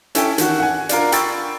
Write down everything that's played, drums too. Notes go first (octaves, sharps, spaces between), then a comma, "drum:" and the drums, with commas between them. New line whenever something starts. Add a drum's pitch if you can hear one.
C#4 E4 A4 G5 G#5, drum: hi-hat
D#3 F#4, drum: hi-hat
F#5 G#5
D4 F4 A#4, drum: hi-hat
G5 B5 C#6 E6 A6, drum: hi-hat